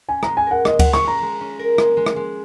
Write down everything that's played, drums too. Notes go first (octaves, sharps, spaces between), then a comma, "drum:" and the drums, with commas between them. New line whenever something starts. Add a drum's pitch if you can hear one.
C#4 G#5
G#3 A#5, drum: rim click
G#5
A#4 F#5
G#3 D#5, drum: rim click
G#3 F#5, drum: kick D2, cymbal
C#6, drum: rim click
G#3 A#5
G#3
C#4
A#4
G#3, drum: rim click
G#3
drum: rim click
G#3